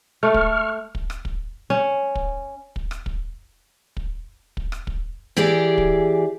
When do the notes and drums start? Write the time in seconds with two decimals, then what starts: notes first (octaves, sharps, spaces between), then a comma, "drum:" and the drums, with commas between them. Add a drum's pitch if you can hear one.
0.23 A3 C#6 F6
0.34 drum: kick
0.95 drum: kick
1.10 drum: rim click
1.25 drum: kick
1.70 C#4
2.15 drum: kick
2.76 drum: kick
2.91 drum: rim click
3.06 drum: kick
3.97 drum: kick
4.57 drum: kick
4.72 drum: rim click
4.87 drum: kick
5.37 E3 G4 G#4 D5
5.78 drum: kick